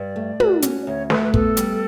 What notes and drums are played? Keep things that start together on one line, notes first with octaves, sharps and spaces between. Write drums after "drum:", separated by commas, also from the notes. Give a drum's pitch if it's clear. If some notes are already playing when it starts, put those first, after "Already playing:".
Already playing: G2 D5
A3
F#4, drum: tom
C#4, drum: hi-hat
D5
D2 C#5
A3 B4, drum: snare
B4
B3 A4, drum: kick
G3, drum: hi-hat